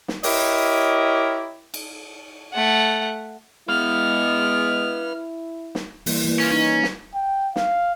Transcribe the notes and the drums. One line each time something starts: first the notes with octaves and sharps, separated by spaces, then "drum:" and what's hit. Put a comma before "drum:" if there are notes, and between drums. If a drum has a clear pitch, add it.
drum: snare
E4 G4 A#4 C#5 D#5, drum: open hi-hat
drum: cymbal
A3 F#5
G#3 B3 E4 B4 F5 F6
drum: snare
E3 G3 A#3, drum: open hi-hat
E3 A#3
C#4 F4
C#4 D#4
drum: snare
G5
F5, drum: snare